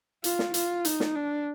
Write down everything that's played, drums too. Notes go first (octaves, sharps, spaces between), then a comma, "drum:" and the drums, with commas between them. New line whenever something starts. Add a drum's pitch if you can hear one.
F4, drum: hi-hat
drum: snare
F4, drum: hi-hat
D#4, drum: hi-hat
drum: snare
D4